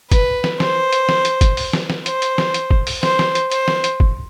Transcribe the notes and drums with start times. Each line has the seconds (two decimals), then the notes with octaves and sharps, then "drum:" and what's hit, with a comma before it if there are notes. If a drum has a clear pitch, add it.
0.12 B4, drum: kick, hi-hat
0.44 drum: snare
0.60 C5, drum: snare
0.92 drum: hi-hat
1.09 drum: snare
1.25 drum: hi-hat
1.41 drum: kick, hi-hat
1.57 drum: open hi-hat
1.73 drum: snare
1.90 drum: snare
2.06 C5, drum: hi-hat
2.22 drum: hi-hat
2.38 drum: snare
2.54 drum: hi-hat
2.71 drum: kick
2.87 drum: open hi-hat
3.03 C5, drum: snare
3.19 drum: snare
3.35 drum: hi-hat
3.52 C5, drum: hi-hat
3.68 drum: snare
3.84 drum: hi-hat
4.00 drum: kick